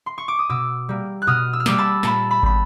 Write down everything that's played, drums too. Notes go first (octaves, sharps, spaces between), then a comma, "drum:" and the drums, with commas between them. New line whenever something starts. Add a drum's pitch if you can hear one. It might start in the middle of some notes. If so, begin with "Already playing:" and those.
C6
C#6
D6
D#6
B2 D6 E6
G3 A#3
F#6
B2 D#6 F6
E6
F6
G3 A#3 D6 E6, drum: snare
A5 B5
A#2 A5 B5, drum: snare
A5 B5
G3 B3 B5, drum: kick